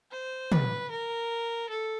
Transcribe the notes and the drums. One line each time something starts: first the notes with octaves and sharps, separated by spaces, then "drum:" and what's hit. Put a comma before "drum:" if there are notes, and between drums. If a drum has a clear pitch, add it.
C5
B4, drum: tom
A#4
A4